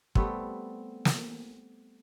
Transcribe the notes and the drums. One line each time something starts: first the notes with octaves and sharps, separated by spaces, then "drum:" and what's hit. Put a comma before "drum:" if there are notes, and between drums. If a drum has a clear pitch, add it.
G3 A3 B3 C4, drum: kick
drum: snare